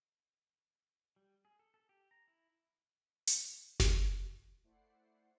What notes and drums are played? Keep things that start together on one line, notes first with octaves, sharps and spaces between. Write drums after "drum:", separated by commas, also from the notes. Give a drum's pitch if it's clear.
G3
G#4
A4
A4
G4
A#5
E4
drum: hi-hat
drum: snare F#1
A3 E4 C5 D5 F#5 C7